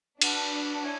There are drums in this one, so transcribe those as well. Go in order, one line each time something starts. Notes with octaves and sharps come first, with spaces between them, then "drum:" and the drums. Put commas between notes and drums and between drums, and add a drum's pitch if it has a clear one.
D4 F#4 B4 F#5, drum: cymbal
E4 C#5 G#5